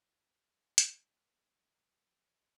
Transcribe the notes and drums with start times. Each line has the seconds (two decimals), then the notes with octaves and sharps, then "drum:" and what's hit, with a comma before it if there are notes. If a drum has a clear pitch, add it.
0.78 D#3 F3 G#3 A#3 B3 D#4, drum: hi-hat